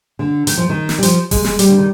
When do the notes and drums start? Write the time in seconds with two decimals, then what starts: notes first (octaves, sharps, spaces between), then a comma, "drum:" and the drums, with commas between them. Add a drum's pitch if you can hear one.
0.19 D3
0.47 D#3, drum: hi-hat
0.57 F3
0.69 D#3
0.89 drum: snare
0.98 G3
1.03 F3, drum: hi-hat
1.31 G#3, drum: kick F1, open hi-hat
1.44 G#3, drum: snare
1.59 G3, drum: hi-hat
1.68 D3
1.78 D#3